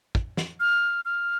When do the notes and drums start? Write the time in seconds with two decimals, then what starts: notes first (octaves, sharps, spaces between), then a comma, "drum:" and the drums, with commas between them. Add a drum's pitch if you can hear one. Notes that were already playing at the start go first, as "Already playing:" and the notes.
0.15 drum: kick
0.37 drum: snare
0.60 F6
1.05 F6